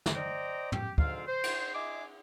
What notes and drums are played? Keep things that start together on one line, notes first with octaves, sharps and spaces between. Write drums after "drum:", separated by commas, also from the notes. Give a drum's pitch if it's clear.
drum: snare
C5 D5 D#5 G5 A#5
G4, drum: tom
D2 G#2 C4 F4 F5, drum: kick
C5
drum: cymbal
D#5 E5 G#5 C6 D6